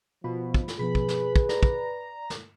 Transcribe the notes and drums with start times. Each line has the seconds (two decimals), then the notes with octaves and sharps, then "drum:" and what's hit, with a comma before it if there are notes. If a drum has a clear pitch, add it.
0.24 B2 F3 F4 B5
0.54 drum: kick
0.68 drum: snare
0.79 B2 F3 B3 G#4 B4 B5
0.95 drum: kick
1.09 drum: snare
1.36 drum: kick
1.49 D5 A#5, drum: snare
1.63 drum: kick
2.30 drum: snare